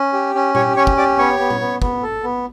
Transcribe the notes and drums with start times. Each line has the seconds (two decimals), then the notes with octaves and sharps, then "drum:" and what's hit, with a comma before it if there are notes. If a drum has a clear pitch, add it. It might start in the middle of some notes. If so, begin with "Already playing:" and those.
Already playing: C#4
0.13 G4
0.35 C#4
0.55 G4 C#5 C#6, drum: tom
0.77 C#4 C#5 C#6
0.87 drum: kick
0.97 G4 D5 D6
1.18 B3 C#5 C#6
1.39 B3
1.50 drum: tom
1.61 B3
1.82 B3, drum: kick
2.03 A4
2.24 B3